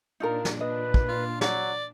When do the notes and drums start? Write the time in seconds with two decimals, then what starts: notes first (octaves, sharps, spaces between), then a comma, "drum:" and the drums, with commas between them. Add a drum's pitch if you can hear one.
0.20 A#2 D4 D#4 F4 A#4
0.45 drum: snare
0.61 B4 D#5
0.94 drum: kick
1.08 F4
1.41 F#3 D5, drum: snare